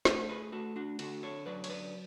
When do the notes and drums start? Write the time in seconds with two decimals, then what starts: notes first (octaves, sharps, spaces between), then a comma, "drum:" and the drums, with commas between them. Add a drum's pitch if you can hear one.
0.05 A3 B3 D4, drum: snare
0.29 G#4 B4
0.52 A3 F#4 A4
0.76 D4 F#4
0.99 D3 F#4 A4, drum: cymbal
1.23 A4 C#5
1.46 F#3 B4 D5
1.64 C#5, drum: cymbal
1.70 B4 D5